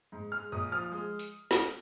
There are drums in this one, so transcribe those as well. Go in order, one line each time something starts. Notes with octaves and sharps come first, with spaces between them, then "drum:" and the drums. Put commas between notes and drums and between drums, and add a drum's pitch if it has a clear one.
G#2
G#3 F6
A#1 D#6
F3 F6
G#3
drum: hi-hat
drum: snare